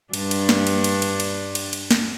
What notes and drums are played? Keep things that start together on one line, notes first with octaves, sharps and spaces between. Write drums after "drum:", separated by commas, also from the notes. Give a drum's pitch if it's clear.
G2 D4, drum: cymbal
drum: cymbal
drum: snare
drum: cymbal
drum: cymbal
drum: cymbal
drum: cymbal
drum: cymbal
drum: cymbal
drum: snare